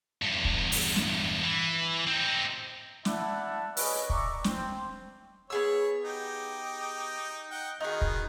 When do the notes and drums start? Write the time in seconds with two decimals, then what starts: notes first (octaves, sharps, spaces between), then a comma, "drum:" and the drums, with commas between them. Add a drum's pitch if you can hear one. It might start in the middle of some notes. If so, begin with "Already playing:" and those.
0.22 E2 G2
0.45 drum: kick
0.72 drum: open hi-hat
0.96 drum: snare
1.43 E3
2.07 C4 D#4
3.05 A3 E4 D5 E5 F#5 A5, drum: snare
3.77 C#4 B4 D#5, drum: open hi-hat
4.10 D5 E5 A#5 C#6, drum: kick
4.44 C4, drum: snare
5.50 B3 G#4 C#5 E6
6.05 D#4 G4
7.51 D#4 F#5 G5
7.80 D#3 B3 D#4 F#4 G#4
8.01 drum: kick